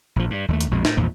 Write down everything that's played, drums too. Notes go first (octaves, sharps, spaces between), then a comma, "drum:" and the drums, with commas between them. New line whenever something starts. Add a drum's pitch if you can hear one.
A#1 F3
G2
D#2 G#3 A3
drum: hi-hat
A#1 F2 B2 G#3
A2, drum: snare
G#1 E2 A#2 F3